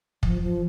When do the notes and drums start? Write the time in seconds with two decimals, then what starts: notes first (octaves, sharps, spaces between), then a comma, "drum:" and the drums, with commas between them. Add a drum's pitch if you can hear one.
0.23 F3, drum: kick
0.42 F3